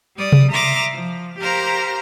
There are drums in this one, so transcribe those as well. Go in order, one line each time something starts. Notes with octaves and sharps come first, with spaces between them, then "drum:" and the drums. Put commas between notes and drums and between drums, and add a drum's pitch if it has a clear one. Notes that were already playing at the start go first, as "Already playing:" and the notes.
G3 D5 D#6
drum: tom C3
E5 A#5 C6 D6 D#6 F6
F3
G4 A#4 C5 F5 A#5